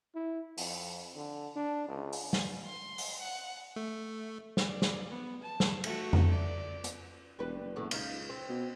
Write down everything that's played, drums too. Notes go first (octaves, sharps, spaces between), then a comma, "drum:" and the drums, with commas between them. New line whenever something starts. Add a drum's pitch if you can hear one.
E4
F2, drum: open hi-hat
D3
D4
C#2
drum: open hi-hat
drum: snare
C6
drum: open hi-hat
F#5
A3
drum: snare
D5
drum: snare
B3
A5
drum: snare
A3 F#4, drum: cymbal
drum: tom F2
D5
drum: hi-hat
E1 G3 B4
F#1
E2 A2 D3
C#2 D#4 F5, drum: cymbal
C4
B2